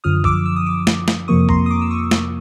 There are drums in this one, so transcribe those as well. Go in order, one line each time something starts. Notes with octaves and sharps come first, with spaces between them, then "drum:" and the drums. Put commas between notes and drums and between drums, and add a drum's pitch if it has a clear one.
F#2 D3 F3 D#6 F6
D6 E6, drum: kick
E6
D#6
D6 E6
drum: snare
drum: snare
F2 C3 F3 A#3 C#6 D#6
A#5 C6, drum: kick
D#6
C6 D6
E6
C#6 D#6
drum: snare